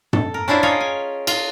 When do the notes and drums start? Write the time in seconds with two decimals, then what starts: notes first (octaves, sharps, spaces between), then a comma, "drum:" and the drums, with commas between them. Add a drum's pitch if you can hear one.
0.13 A4, drum: tom
0.34 A#4
0.48 C#4 D4 E4 F4 C5
0.63 F4 G#4 A#4 C#5 D#5 F5
0.80 G#5
1.27 F4 F5, drum: cymbal